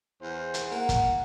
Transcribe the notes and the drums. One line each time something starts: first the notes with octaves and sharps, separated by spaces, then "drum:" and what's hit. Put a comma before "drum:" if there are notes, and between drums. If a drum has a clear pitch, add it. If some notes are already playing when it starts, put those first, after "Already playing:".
E2 C5
drum: hi-hat
A#3 F#5
drum: kick, hi-hat